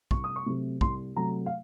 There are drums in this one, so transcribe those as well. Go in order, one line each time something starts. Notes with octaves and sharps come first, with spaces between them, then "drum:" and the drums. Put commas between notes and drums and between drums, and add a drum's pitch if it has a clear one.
C2 C#6, drum: kick
D#6
C#6
C3 F#3 A3
C2 C6, drum: kick
C3 F#3 A3 A#5
F5